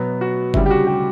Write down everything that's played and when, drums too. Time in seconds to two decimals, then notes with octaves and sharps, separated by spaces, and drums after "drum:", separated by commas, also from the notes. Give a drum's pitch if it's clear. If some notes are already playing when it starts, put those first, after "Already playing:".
Already playing: B2 F#3 B3
0.21 F#4
0.54 D2 C#3 G3 E4, drum: kick G1
0.66 G4
0.70 F#4
0.87 G4